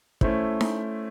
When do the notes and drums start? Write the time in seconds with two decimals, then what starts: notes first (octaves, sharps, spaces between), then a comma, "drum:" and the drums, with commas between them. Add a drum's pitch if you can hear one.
0.21 A3 C#4 E4 C5, drum: kick
0.61 drum: snare D#4